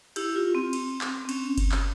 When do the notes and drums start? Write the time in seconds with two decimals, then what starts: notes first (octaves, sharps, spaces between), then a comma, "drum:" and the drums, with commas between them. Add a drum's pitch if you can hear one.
0.16 E4 G4, drum: cymbal
0.36 F4
0.55 C4
0.73 drum: cymbal
1.01 drum: clap
1.25 C4
1.29 C#4, drum: cymbal
1.58 drum: kick F#1, cymbal
1.72 drum: clap